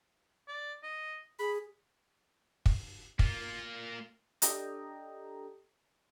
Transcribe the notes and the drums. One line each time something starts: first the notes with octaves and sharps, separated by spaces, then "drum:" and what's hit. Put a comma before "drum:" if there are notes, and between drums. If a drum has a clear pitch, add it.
D5
D#5
G#4 B5
drum: kick
A#3 F4, drum: kick
D4 G4 A4 D#5 G5 A#5, drum: hi-hat